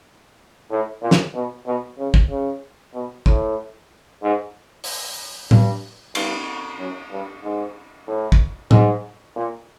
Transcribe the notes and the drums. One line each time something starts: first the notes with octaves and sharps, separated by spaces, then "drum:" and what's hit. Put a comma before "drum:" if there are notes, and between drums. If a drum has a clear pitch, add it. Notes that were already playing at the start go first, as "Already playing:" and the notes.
A2
A#2
drum: snare
B2
B2
C#3
drum: kick
C#3
B2
A2, drum: kick
G#2
drum: open hi-hat
G2, drum: tom A2
G2, drum: cymbal
F#2
G2
G#2
A2
drum: kick
G#2, drum: tom A2
A#2